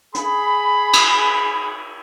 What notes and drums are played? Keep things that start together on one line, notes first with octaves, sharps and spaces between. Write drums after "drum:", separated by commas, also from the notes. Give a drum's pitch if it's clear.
G#4 B5, drum: hi-hat
drum: cymbal